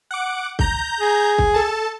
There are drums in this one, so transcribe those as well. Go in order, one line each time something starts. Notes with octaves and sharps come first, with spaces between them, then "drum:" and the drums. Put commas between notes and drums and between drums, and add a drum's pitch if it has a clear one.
F#5 D6
A#5 G6, drum: kick
G#4
drum: kick
A4 A5